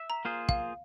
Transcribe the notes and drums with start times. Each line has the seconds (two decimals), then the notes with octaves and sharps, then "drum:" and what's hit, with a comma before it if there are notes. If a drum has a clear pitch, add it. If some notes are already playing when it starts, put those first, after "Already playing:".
Already playing: E5
0.10 A#5
0.25 A#3 F4 G#4 C5
0.49 F5, drum: kick